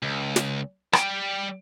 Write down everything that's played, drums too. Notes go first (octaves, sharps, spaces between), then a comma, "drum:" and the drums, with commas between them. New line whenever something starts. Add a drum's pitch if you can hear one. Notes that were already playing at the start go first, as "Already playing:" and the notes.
C#2
drum: snare
G3 G5, drum: rim click